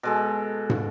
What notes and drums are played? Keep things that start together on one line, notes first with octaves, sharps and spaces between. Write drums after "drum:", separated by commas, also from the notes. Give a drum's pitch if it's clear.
B2 G#3 A4
drum: tom